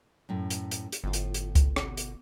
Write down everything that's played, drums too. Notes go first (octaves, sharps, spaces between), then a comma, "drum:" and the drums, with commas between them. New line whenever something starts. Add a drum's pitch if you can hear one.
F#2 A2
drum: hi-hat
drum: hi-hat
drum: hi-hat
G1 A2 F4
drum: hi-hat
drum: hi-hat
drum: kick C#2, hi-hat
B2, drum: rim click
drum: hi-hat